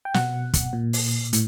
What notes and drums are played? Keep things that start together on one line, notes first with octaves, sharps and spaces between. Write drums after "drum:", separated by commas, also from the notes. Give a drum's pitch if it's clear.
G5
B2 F#5, drum: snare
drum: kick, hi-hat
A#2
drum: open hi-hat
A2, drum: hi-hat